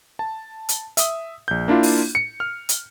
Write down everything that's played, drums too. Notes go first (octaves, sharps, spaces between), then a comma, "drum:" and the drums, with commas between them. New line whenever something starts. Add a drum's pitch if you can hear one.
A5
drum: hi-hat
E5 D#6, drum: hi-hat
A#1 G6
A#3 D4 E4 F4
drum: open hi-hat
C#7
F6
drum: hi-hat